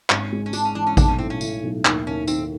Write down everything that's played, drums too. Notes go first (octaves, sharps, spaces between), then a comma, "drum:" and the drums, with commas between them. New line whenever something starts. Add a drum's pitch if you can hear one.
G#1 C#4, drum: clap
G#3
C#4
G#3 D4, drum: tambourine
C#4
E3 D4
C#4
B1 D4, drum: kick A1, tambourine
C#4
A2 C4
C#4
A2, drum: tambourine
B1
D#2, drum: clap
D#2 C#4
D#3 C4, drum: tambourine